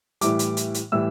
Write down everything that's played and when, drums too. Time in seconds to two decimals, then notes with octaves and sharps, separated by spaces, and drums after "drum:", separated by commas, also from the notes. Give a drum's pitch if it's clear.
0.21 A2 E3 G3 D6, drum: hi-hat
0.39 drum: hi-hat
0.57 drum: hi-hat
0.74 drum: hi-hat
0.92 A2 E3 G3 E6